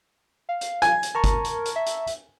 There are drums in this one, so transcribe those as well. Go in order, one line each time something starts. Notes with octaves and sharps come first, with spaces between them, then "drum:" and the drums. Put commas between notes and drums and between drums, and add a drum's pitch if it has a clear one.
F5
drum: hi-hat
G#5, drum: hi-hat
drum: hi-hat
A#4 A5 A#5 C#6
drum: kick G1, hi-hat
drum: hi-hat
drum: hi-hat
E5
drum: hi-hat
drum: hi-hat